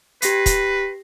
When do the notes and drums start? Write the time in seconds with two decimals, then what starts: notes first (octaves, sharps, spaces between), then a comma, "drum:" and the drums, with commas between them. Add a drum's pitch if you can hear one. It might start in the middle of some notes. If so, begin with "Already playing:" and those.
0.22 G4 B4 A#6 C7, drum: hi-hat
0.46 drum: kick, hi-hat